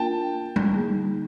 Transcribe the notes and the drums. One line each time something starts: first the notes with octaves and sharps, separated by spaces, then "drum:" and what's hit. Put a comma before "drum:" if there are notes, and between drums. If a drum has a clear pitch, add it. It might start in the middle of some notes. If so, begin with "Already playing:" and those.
Already playing: A#3 D4 F4 A#4 G5 A5
drum: tom G3
D3 G3 A#3 D#4 G#4